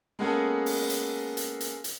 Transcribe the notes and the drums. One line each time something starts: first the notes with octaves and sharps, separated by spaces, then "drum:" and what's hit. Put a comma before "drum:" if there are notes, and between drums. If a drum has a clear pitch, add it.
G#3 A#3 B3 C#4 G#4 A4
drum: open hi-hat
drum: hi-hat
drum: hi-hat
drum: hi-hat
drum: hi-hat